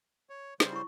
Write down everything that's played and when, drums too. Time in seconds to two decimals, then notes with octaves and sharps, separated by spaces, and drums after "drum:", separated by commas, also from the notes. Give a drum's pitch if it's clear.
0.30 C#5
0.60 C#3 G3 C5, drum: snare
0.73 E4 C#6